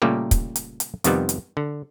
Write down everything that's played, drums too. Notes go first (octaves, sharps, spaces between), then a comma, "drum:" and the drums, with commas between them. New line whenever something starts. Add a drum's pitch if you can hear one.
A#2 C#3 G3 A3 A#3 G4
drum: kick, hi-hat
drum: hi-hat
drum: hi-hat
F2 C3 D#3 G3 B3, drum: hi-hat
drum: hi-hat
D3